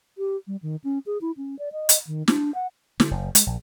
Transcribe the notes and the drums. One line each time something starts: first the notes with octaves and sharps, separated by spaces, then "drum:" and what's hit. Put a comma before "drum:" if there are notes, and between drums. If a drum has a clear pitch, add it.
G4
G3
D#3
C#4
G#4
E4
C#4
D5
D#5
drum: hi-hat
D#3
D4, drum: snare
F#5
D3, drum: snare
F#1
G#3, drum: hi-hat
A#1